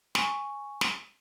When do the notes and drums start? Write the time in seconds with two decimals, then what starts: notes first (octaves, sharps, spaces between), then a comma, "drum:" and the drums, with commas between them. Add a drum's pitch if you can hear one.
0.15 G#5 C#6, drum: snare
0.81 drum: snare